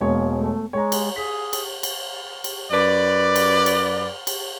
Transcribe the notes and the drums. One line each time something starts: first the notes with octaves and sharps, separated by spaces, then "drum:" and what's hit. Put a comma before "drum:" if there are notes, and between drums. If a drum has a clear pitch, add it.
E1 G#3 A#3 C#5
A3
G#3 C#5 A#5
drum: cymbal
G#4 B6
drum: cymbal
drum: cymbal
drum: cymbal
F#2 B4 D5
drum: cymbal
drum: cymbal
drum: cymbal